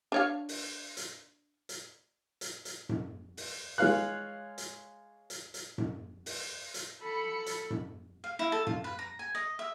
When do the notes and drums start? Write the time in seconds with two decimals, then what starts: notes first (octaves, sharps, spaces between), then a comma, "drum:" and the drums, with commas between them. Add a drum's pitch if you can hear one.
0.12 D4 C#5 F5
0.49 drum: open hi-hat
0.97 drum: hi-hat
1.69 drum: hi-hat
2.41 drum: hi-hat
2.65 drum: hi-hat
2.89 drum: tom F#2
3.37 drum: open hi-hat
3.78 G#3 F4 C#5 F5 F#6
4.58 drum: hi-hat
5.30 drum: hi-hat
5.54 drum: hi-hat
5.78 drum: tom F#2
6.26 drum: open hi-hat
6.74 drum: hi-hat
7.02 A4 B5 C#7
7.46 drum: hi-hat
7.70 drum: tom F#2
8.24 F5
8.39 E4
8.52 A4
8.67 F4, drum: tom F#2
8.84 B4
8.99 A#5
9.19 G#5
9.35 D#5
9.59 E5